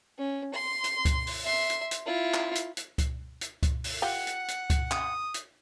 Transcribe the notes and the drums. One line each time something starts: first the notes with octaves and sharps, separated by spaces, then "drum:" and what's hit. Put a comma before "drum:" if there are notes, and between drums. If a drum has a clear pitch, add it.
C#4
C6
drum: hi-hat
drum: kick C#2, hi-hat
drum: open hi-hat
E5 C6
drum: hi-hat
drum: hi-hat
E4 F4
drum: clap
drum: hi-hat
drum: hi-hat
drum: kick C#2, hi-hat
drum: hi-hat
drum: kick C#2, hi-hat
drum: open hi-hat
F4 G4 F#5
drum: hi-hat
drum: hi-hat
drum: kick C#2, hi-hat
D#6, drum: clap
drum: hi-hat